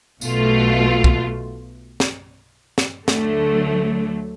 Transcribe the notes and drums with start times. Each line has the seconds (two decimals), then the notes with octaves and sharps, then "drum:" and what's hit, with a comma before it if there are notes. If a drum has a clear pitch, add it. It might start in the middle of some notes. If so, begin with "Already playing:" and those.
0.21 B1 B2 A3 F4, drum: tambourine
1.04 drum: kick
2.00 drum: snare
2.78 drum: snare
3.08 D2 D3 F#3 A3, drum: snare